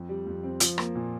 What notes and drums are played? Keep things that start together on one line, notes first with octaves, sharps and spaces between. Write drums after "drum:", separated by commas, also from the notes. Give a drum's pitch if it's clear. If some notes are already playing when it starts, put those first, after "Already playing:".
Already playing: F2
G3
F2
C4
F3, drum: hi-hat
A#3, drum: rim click
A#2